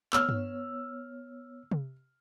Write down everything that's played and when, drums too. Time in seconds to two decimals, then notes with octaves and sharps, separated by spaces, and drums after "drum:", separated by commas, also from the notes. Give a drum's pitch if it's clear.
0.13 B3 C#5 E6 F6, drum: clap
0.29 drum: tom G2
1.72 drum: tom C3